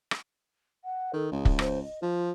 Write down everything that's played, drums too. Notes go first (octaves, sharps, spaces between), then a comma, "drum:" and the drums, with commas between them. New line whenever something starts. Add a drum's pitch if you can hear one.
drum: rim click
F#5
D#3 A4
C#2 G#4
drum: kick
C5, drum: rim click
D#5
F3 F4